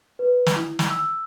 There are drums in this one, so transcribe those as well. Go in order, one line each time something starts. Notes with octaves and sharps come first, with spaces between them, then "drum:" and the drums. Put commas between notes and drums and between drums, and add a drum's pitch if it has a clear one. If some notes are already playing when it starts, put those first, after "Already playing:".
B4
drum: snare
E4
drum: snare
E6